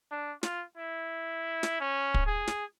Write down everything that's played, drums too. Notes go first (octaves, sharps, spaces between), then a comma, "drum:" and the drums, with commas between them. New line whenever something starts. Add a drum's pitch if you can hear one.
D4
F4, drum: snare
E4
drum: snare
C#4
drum: kick
G#4
drum: snare